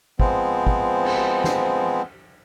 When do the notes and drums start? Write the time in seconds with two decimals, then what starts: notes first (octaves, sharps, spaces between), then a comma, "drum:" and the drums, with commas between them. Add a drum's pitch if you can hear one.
0.20 F3 G#3 B3 C4, drum: kick
0.67 drum: kick
1.04 drum: cymbal
1.44 drum: snare